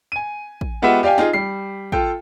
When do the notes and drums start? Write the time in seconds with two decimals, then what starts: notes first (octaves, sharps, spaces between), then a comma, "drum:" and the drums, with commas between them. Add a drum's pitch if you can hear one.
0.12 G#5 D#7
0.61 drum: kick
0.82 G#3 B3 F4 G4 E5 F#5
1.03 G4 D5 F5 G5 G#5
1.18 D#4 F4 G#4, drum: snare
1.33 G3 C7
1.92 F4 A4 G5, drum: kick